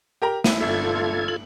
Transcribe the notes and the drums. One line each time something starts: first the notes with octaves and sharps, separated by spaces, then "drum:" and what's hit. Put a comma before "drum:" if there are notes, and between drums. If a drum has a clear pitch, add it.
G4 A#4 A#5
B3 E4 D#7, drum: snare
G1 F4 A4 E5 G#6
F#7